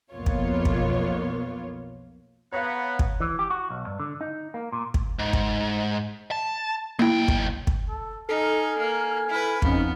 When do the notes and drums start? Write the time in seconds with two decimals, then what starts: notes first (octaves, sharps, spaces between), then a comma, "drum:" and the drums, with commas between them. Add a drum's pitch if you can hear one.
0.12 B1 F2 A#3 B3 F4 C#5
0.26 drum: kick
0.65 drum: kick
2.52 B3 C#5 F5 F#5 A#5 B5
2.99 drum: kick
3.20 E3
3.39 G4
3.50 F#4
3.70 B1
3.87 G2
4.00 D3
4.21 D#4
4.54 A#3
4.73 A#2
4.94 drum: kick
5.19 G#2
5.33 drum: kick
6.31 A5
6.99 B1 A#3 E4 G5
7.28 drum: kick
7.67 drum: kick
7.89 A4
8.29 D#4 A4 G#5 F6
8.79 A#3
9.29 E4 B4
9.62 F2 B3 C#4 D#4 F5, drum: kick